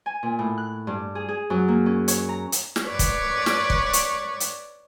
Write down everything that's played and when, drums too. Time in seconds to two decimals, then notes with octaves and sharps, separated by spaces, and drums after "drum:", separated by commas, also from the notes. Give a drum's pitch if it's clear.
0.06 G#5
0.23 A#2
0.39 A2
0.58 F#6
0.87 G2
1.15 G#4
1.28 G#4
1.50 F#2
1.68 A#3
1.86 C#4
2.08 C#5, drum: hi-hat
2.29 A#5
2.52 drum: hi-hat
2.76 drum: snare
2.87 B4 C#5 D5 C#6
2.99 drum: kick, hi-hat
3.46 drum: snare
3.70 drum: kick
3.93 drum: hi-hat
4.40 drum: hi-hat